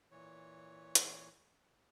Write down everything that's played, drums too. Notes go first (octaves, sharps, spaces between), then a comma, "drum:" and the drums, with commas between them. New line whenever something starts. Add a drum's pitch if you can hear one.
A#2 E3 C#5
drum: hi-hat